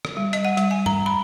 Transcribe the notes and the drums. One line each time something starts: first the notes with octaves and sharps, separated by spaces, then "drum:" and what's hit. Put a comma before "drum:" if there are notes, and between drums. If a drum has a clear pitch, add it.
drum: rim click
G3
D#5, drum: hi-hat
F#5
G3, drum: hi-hat
G#5
A#5, drum: tom G2
B5